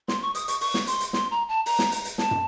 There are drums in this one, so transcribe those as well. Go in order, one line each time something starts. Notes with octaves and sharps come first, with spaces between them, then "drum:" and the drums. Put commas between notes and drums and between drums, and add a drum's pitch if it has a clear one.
C6, drum: snare
C#6
D#6, drum: hi-hat
C#6, drum: hi-hat
C#6, drum: open hi-hat
drum: snare
C6, drum: hi-hat
drum: hi-hat
C6, drum: snare
A#5
A5
A#5, drum: open hi-hat
drum: snare
drum: hi-hat
drum: hi-hat
A5, drum: snare
drum: tom